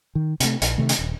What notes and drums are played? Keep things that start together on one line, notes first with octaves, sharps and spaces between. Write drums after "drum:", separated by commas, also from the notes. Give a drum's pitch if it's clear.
D#3
C3 A3, drum: hi-hat
A#1, drum: hi-hat
C3 D#3 A3
drum: hi-hat
D#1